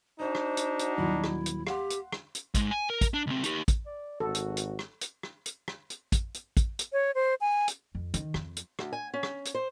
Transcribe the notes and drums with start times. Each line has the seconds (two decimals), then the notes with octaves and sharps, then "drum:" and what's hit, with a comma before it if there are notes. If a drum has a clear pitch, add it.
0.20 D4 D#4 F#4 C5 D#5
0.35 drum: rim click
0.57 drum: hi-hat
0.79 drum: hi-hat
0.97 D#1 F#3 E4
1.24 drum: rim click
1.46 drum: hi-hat
1.67 G4 F5 F#5 C6, drum: rim click
1.90 drum: hi-hat
2.12 drum: rim click
2.35 drum: hi-hat
2.54 G#2 G#3, drum: kick, hi-hat
2.71 G#5
2.90 A#4
3.01 drum: kick, hi-hat
3.14 D4
3.27 C#2 C4
3.44 D#4 G4, drum: hi-hat
3.68 drum: kick, hi-hat
3.86 D5
4.20 G#1 F#4 A4
4.35 drum: hi-hat
4.57 drum: hi-hat
4.79 drum: rim click
5.01 drum: hi-hat
5.23 drum: rim click
5.46 drum: hi-hat
5.68 drum: rim click
5.90 drum: hi-hat
6.12 drum: kick, hi-hat
6.34 drum: hi-hat
6.57 drum: kick, hi-hat
6.79 drum: hi-hat
6.93 C#5
7.15 C5
7.41 G#5
7.68 drum: hi-hat
7.95 F2
8.14 D#3, drum: hi-hat
8.34 F2, drum: rim click
8.56 drum: hi-hat
8.79 D2, drum: rim click
8.93 G#5
9.14 C#4
9.23 drum: rim click
9.45 drum: hi-hat
9.55 C5